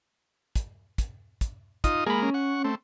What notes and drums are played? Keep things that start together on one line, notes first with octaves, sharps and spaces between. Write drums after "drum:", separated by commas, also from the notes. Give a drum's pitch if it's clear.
drum: kick, hi-hat
drum: kick, hi-hat
drum: kick, hi-hat
D#4 F4 D#5, drum: kick, hi-hat
G#3 A#3 G#4 A#4 B5
C#4
F#5 C#6
A3 C4